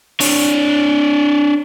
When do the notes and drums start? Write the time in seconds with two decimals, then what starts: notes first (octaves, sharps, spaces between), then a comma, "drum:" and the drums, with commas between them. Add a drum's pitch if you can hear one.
0.20 D4 C#5, drum: open hi-hat